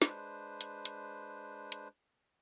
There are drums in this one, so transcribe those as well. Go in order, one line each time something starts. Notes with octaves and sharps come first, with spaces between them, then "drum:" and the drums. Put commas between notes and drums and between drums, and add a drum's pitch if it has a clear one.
G#3 D4 B4 C5, drum: snare
drum: hi-hat
drum: hi-hat
drum: hi-hat